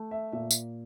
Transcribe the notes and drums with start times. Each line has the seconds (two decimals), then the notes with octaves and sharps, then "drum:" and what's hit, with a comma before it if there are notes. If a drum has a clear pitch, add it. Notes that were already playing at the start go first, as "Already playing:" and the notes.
Already playing: A3
0.11 E5
0.32 A#2 E5
0.51 drum: tambourine